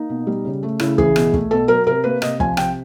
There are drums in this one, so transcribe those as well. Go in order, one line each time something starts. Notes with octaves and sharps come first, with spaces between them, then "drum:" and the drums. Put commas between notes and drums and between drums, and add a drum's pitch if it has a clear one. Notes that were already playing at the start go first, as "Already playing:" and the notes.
Already playing: A#3 D#4
B2
G3
C#3
A3
C#3 E4, drum: rim click
E3 G#4, drum: kick
B2, drum: rim click
A3, drum: kick
B2 A4
F#3 A#4
C3 A#4
A#3 B4
C3 D#5, drum: rim click
F3 G#5, drum: kick
C3 G5, drum: rim click